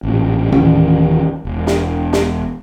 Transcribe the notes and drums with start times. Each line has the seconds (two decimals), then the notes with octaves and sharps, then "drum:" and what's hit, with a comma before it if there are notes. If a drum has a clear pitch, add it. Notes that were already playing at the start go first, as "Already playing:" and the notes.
0.03 A1 A#2
0.52 D#1 D#3 E3 C#4, drum: tom A2
1.45 E1
1.67 drum: snare
2.13 drum: snare